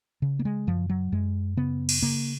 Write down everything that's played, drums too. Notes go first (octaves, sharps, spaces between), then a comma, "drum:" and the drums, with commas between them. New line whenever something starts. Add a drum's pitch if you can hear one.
C#3
A#3
G#3
F#2 F3
F#3
F#2 G#3
C#3 B3
drum: cymbal
C#3 A#3